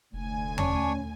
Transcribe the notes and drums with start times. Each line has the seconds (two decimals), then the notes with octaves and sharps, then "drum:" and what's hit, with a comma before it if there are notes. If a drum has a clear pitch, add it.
0.13 F1 D2 G#5
0.58 C#4 D4 C#5, drum: tom E2